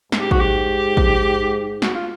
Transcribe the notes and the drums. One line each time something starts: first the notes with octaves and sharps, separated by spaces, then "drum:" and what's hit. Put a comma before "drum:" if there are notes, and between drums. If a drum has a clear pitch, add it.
G#2, drum: snare
G4
F#4, drum: kick A1
G4
drum: kick A1
F#4, drum: snare
F4